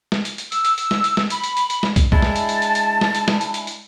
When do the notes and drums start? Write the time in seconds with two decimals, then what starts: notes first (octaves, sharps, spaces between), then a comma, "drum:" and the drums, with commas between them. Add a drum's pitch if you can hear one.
0.12 drum: snare
0.25 drum: hi-hat
0.38 drum: hi-hat
0.52 E6, drum: hi-hat
0.65 drum: hi-hat
0.78 drum: hi-hat
0.91 drum: snare
1.04 drum: hi-hat
1.17 drum: snare
1.30 B5, drum: hi-hat
1.44 drum: hi-hat
1.57 drum: hi-hat
1.70 drum: hi-hat
1.83 drum: snare
1.96 drum: kick, hi-hat
2.12 G#3 D4 E4 A5 A6, drum: kick
2.22 drum: snare
2.36 drum: hi-hat
2.49 drum: hi-hat
2.62 drum: hi-hat
2.75 drum: hi-hat
3.01 drum: snare
3.15 drum: hi-hat
3.28 drum: snare
3.41 drum: hi-hat
3.54 drum: hi-hat
3.67 drum: hi-hat